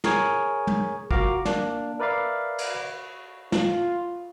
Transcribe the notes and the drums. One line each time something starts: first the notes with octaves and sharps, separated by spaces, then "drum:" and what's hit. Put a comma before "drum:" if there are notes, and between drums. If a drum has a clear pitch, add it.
G#4 A#4 C#5 G#5, drum: snare
drum: tom
F4 F#4 A#4 F5 A#5 D6, drum: kick
A#3 D4, drum: snare
A#4 B4 D5 E5 F5
drum: cymbal
F4, drum: snare